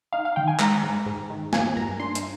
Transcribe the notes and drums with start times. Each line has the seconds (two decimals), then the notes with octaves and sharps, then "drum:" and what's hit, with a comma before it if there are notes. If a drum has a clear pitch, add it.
0.13 D#4 F5
0.25 F5
0.36 D#3 G5
0.48 G#5
0.60 G#3 A#5, drum: clap
0.83 G#2
1.06 G#2
1.30 D#3
1.53 A#3 G#5, drum: snare
1.77 G2 A#5
2.00 D4 C6
2.15 drum: hi-hat